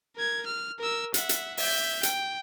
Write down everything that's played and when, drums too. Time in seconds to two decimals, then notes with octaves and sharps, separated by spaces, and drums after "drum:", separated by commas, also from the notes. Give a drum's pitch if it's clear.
0.16 A#4 G#6
0.46 F6
0.79 A#4 E6
1.14 E5 F#5, drum: hi-hat
1.29 drum: hi-hat
1.57 E5 G6, drum: open hi-hat
2.03 G5, drum: hi-hat